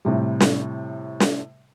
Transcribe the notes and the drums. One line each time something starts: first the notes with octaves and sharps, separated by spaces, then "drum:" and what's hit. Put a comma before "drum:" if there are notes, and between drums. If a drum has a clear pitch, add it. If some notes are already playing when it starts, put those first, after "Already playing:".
A2 C3 G3
drum: snare
drum: snare